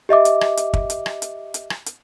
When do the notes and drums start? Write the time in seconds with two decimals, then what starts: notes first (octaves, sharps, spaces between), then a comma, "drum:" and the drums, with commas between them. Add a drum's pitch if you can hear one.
0.09 G4 D#5 E5 D6
0.25 drum: hi-hat
0.41 drum: rim click
0.57 drum: hi-hat
0.74 drum: kick
0.90 drum: hi-hat
1.06 drum: rim click
1.22 drum: hi-hat
1.54 drum: hi-hat
1.70 drum: rim click
1.86 drum: hi-hat